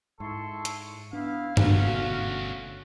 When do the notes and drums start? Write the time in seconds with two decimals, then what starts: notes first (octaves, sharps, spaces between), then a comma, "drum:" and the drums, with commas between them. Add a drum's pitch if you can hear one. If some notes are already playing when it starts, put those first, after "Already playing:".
0.20 G#2 E4 A4 C6 C#6
0.65 drum: hi-hat
1.13 B3 D4 E4 F5
1.57 G1 B2 D3 A3 C#4 F#4, drum: tom G2